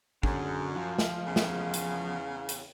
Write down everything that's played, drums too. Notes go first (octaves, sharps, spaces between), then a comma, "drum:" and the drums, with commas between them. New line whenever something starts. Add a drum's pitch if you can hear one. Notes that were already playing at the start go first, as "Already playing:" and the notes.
F#2 D3 G#4, drum: kick
F3 F5
drum: snare
E2 C#3
drum: snare
drum: hi-hat
drum: hi-hat